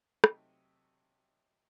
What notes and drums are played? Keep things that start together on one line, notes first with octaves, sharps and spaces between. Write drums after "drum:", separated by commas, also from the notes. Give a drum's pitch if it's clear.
C3 F#3 A3 D#4 A4, drum: rim click